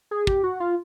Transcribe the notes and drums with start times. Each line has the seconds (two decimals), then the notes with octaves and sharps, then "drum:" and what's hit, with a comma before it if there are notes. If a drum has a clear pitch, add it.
0.11 G#4
0.27 G4, drum: kick
0.44 F#4
0.60 F4